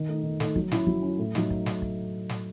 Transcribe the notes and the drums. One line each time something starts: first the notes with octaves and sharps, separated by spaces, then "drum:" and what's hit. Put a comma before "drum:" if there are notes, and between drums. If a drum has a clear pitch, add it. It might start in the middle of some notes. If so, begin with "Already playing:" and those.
Already playing: D#3
A3 D#4
D#3
A3 D#4, drum: snare
F#3, drum: kick
C#4 E4, drum: snare
F#3, drum: kick
C#4 E4
A2
F#3 A3 D#4, drum: snare
drum: kick
drum: snare
drum: kick
drum: snare